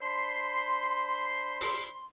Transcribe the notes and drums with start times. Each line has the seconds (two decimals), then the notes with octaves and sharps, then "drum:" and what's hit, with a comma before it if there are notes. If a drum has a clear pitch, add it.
0.01 D4 C5 B5 C6
1.61 drum: open hi-hat